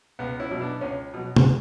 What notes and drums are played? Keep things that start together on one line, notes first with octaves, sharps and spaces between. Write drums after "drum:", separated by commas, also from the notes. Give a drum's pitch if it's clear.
C#2 B3
C#4 E4
B2 F#3
B3 D4
C#2 C#4
B2 F#3
drum: tom